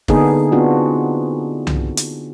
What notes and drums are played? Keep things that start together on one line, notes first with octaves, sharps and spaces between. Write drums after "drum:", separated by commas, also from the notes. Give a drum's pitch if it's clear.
D3 A#3 B3 D4 D#4 G#4, drum: kick
B3 C4 D4 F4 F#4
drum: tom C2
drum: hi-hat